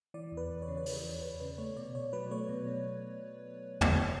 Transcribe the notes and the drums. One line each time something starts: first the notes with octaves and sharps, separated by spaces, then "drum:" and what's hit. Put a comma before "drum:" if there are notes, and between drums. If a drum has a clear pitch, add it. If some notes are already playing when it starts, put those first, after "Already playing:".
E3 D5
E2
B4
E2
C#5
C#3
C#5
E3 B4, drum: open hi-hat
E2
E2 B4
C#3 B4
A3 C#5
B2 D5
B2 C#5
F#3 B4
A3 C#5
B2
B2
drum: tom